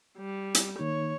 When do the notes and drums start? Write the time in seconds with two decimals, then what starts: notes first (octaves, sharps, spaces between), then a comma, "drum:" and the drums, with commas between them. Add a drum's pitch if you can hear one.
0.18 G3
0.55 drum: hi-hat
0.79 D#3 A#3 D#4 C#5